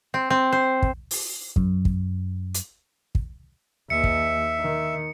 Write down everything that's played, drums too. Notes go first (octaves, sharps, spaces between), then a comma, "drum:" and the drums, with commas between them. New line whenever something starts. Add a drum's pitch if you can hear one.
C4
C4
C5
drum: kick
drum: open hi-hat
F#2, drum: kick
drum: kick
drum: hi-hat
drum: kick
D#2 E5 C#7
drum: kick
D#3